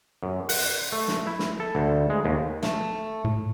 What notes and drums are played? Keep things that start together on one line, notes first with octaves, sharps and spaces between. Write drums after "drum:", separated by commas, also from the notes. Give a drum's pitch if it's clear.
F#2
F#5, drum: open hi-hat
A3
drum: snare
E4
drum: snare
A4
D2
G#3
D#2
A3, drum: snare
A2